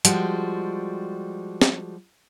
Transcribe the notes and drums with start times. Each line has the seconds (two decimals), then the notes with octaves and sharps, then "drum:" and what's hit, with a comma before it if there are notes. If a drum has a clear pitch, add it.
0.05 F3 G3 G#3 F#4, drum: hi-hat
1.62 drum: snare